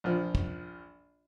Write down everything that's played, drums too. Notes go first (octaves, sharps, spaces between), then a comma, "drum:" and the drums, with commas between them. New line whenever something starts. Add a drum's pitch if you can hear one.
A#1 F3
drum: kick